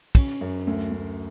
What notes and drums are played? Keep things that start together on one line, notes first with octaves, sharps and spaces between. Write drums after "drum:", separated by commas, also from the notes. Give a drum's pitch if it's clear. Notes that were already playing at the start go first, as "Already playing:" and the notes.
C#4, drum: kick, cymbal
F#2
D2
D2